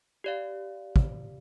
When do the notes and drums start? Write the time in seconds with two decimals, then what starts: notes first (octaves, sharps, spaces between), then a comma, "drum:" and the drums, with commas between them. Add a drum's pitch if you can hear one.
0.24 G4 D5 F5
0.96 drum: kick